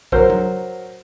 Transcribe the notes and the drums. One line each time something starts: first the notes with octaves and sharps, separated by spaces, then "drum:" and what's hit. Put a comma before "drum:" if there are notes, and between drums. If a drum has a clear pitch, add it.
F#3 A#4 C5, drum: kick
drum: tom F#3